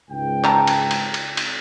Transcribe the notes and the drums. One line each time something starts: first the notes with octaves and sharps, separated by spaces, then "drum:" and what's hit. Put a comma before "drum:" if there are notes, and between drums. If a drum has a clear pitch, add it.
C#2 G#2 G5
A#5, drum: clap
drum: cymbal
drum: cymbal
drum: cymbal
drum: cymbal